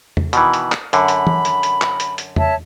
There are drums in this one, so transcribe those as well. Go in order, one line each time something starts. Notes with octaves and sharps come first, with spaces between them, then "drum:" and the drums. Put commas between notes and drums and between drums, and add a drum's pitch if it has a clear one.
drum: tom E2
B2 D#3 E3 B5, drum: hi-hat
drum: hi-hat
drum: clap
F#2 D3 B5, drum: hi-hat
drum: hi-hat
drum: tom
drum: hi-hat
drum: hi-hat
drum: clap
drum: hi-hat
drum: hi-hat
C#5 E5 A5, drum: tom E2